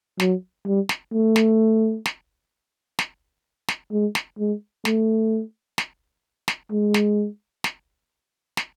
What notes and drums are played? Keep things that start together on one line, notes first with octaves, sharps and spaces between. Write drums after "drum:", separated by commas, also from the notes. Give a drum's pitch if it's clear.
F#3, drum: snare
G3
drum: snare
A3
drum: snare
drum: snare
drum: snare
drum: snare
G#3
drum: snare
G#3
A3, drum: snare
drum: snare
drum: snare
G#3
drum: snare
drum: snare
drum: snare